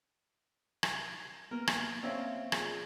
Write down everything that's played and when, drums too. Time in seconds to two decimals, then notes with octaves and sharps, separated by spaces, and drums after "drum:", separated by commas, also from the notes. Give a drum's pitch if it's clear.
0.83 drum: rim click
1.51 A#3 B3 A#4
1.67 drum: rim click
2.03 C4 C#4 D5 E5 F5
2.52 F4 G#4, drum: rim click